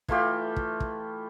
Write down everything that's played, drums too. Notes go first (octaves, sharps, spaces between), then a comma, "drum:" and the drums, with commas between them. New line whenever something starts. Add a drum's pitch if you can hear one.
E3 A3 F4 G4, drum: kick
drum: kick
drum: kick